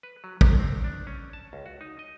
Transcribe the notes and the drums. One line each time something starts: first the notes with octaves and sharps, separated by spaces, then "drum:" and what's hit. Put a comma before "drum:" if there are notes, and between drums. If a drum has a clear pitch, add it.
B4
F#3
D#3, drum: kick
C4
D4
C#4
A5
C#2
F#4
D#4
D#5